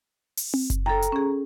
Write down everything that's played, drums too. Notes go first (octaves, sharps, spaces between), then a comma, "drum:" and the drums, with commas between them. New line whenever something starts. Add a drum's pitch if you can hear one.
drum: open hi-hat
drum: tom C4
drum: kick F#1, hi-hat
A4 G5 A#5
drum: hi-hat
C#4 G#4